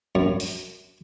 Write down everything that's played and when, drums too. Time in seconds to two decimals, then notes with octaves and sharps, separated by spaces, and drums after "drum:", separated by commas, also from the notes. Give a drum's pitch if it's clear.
0.15 F#2
0.40 drum: open hi-hat